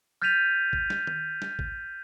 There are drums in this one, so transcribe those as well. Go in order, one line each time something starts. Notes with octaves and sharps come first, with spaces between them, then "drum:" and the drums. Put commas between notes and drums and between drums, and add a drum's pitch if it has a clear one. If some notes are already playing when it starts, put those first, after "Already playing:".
F6 G6 A6 B6 D#7 F7
drum: kick G#1
drum: snare
drum: tom D#3
drum: snare
drum: kick G#1